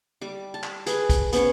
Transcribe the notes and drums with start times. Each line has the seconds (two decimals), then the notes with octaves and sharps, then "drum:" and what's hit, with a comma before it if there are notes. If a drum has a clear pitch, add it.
0.21 G3 D6
0.54 A5
0.64 drum: clap
0.86 G#4 B4 B5, drum: hi-hat
1.09 drum: kick, hi-hat
1.32 B3 C#4 C5 C#5, drum: hi-hat